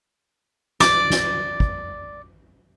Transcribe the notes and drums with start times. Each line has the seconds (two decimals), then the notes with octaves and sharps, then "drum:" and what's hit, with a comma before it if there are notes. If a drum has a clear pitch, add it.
0.80 D5 D6, drum: snare
1.10 drum: snare
1.60 drum: kick